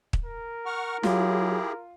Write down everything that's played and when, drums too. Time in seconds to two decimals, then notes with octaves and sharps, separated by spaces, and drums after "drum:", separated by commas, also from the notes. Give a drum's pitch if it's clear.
0.13 drum: kick
0.25 A#4
0.66 F#5 C#6 F6
1.03 F#3 E4 F4 G4 G#4, drum: snare